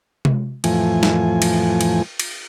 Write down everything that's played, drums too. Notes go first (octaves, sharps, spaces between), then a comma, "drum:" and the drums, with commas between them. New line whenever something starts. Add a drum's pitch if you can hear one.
drum: tom C3
F2 A2 E3 F3 A3 G#5, drum: cymbal
drum: snare
drum: cymbal
drum: cymbal
drum: cymbal